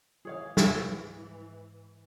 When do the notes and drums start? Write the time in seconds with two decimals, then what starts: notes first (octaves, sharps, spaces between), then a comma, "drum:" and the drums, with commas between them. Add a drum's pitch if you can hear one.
0.25 G#2 E3 G#4 C#5 F5
0.57 drum: snare